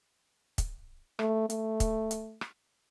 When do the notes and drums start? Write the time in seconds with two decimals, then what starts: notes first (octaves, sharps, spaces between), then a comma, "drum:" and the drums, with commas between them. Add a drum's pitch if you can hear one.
0.58 drum: kick, hi-hat
1.19 A3, drum: rim click
1.50 A3, drum: hi-hat
1.80 drum: kick, hi-hat
2.11 drum: hi-hat
2.41 drum: rim click